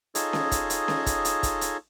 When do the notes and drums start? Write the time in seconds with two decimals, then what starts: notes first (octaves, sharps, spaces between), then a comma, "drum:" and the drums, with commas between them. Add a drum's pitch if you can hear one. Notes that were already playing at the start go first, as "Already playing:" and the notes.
0.15 D#4 F4 G#4 A4 C#5 D#5, drum: hi-hat
0.33 drum: snare C#4
0.51 drum: kick, hi-hat
0.70 drum: hi-hat
0.88 drum: snare C#4
1.06 drum: kick, hi-hat
1.25 drum: hi-hat
1.43 drum: kick, hi-hat
1.61 drum: hi-hat